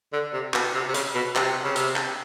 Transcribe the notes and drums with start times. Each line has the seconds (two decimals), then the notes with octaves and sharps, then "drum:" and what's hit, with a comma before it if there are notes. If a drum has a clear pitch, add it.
0.13 D3
0.33 C3
0.54 B2, drum: clap
0.74 C3
0.88 C3
0.94 C#3, drum: hi-hat
1.15 B2
1.35 C3, drum: clap
1.64 C#3
1.76 C3, drum: hi-hat
1.96 drum: clap